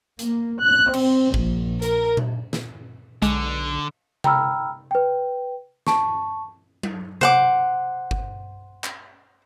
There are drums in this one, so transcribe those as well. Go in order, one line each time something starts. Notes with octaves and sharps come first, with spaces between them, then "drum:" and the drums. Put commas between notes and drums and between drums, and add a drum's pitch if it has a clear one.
A#3, drum: hi-hat
F#6
C4, drum: cymbal
A#1, drum: kick G1
A#4, drum: hi-hat
drum: tom A#2
drum: snare
B1 D3 G#3, drum: hi-hat
G5 A#5 B5 E6 F6, drum: tom C3
B4 G5
A5 C#6, drum: snare
drum: tom F#3
C5 F#5 D6, drum: tom C3
drum: kick G1
drum: clap